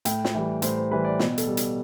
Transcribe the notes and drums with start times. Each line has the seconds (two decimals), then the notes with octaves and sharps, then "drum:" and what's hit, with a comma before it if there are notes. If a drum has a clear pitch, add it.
0.05 A2 G5, drum: hi-hat
0.25 drum: snare
0.35 E3 G3
0.62 A2 C5, drum: hi-hat
0.77 C5
0.91 E3 G3 B4
1.05 D5
1.19 B2, drum: snare
1.38 A4, drum: hi-hat
1.47 G3
1.57 drum: hi-hat